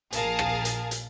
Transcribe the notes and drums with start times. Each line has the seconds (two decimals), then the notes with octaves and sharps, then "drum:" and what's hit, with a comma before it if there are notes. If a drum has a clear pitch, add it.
0.13 A#1 G#4 A#4 F5 A5, drum: hi-hat
0.39 drum: rim click
0.65 drum: hi-hat
0.91 drum: hi-hat